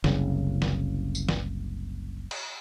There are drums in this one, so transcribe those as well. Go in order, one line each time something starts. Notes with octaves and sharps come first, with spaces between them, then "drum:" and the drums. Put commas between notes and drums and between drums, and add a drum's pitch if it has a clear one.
F#1 C2 C#3, drum: snare
drum: snare
drum: tambourine
drum: snare
drum: cymbal